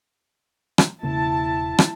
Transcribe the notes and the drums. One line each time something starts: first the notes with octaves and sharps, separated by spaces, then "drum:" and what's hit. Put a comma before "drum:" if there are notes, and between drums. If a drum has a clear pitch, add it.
drum: rim click
E1 C#3 A#3 E4 A5
drum: rim click